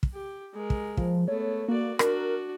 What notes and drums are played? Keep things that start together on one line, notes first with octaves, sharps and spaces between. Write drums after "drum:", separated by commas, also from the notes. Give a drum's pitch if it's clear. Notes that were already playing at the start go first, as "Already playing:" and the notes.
drum: kick
G4
G#3 A#4
drum: kick
F3, drum: kick
A3 B3 C#5
A#3 F#4 D5
D4 F#4 A#4, drum: rim click